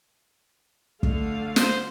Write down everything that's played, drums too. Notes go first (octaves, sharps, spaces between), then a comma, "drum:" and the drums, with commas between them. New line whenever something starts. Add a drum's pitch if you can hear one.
D3 A3 F5, drum: kick
C5, drum: snare